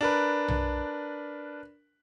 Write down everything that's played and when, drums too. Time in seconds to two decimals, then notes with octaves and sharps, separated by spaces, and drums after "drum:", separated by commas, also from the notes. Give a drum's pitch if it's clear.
0.01 D4 A#4 B4
0.48 drum: tom B1